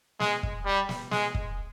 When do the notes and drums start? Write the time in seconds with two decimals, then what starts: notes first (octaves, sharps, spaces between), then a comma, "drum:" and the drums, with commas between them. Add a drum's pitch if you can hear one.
0.20 G#3, drum: snare
0.43 drum: kick
0.66 G3
0.89 drum: snare
1.11 G#3, drum: snare
1.34 drum: kick